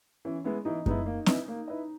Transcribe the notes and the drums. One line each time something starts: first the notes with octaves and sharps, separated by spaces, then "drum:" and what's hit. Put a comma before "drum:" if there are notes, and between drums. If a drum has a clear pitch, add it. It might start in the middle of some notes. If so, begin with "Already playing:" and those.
E3 C#4
G#3 B3 E4
E3 D#4
G#3 B3 D#4 E4, drum: kick F#2
A#3
E4 B4 D#5, drum: snare C4
A#3
E4 B4 D#5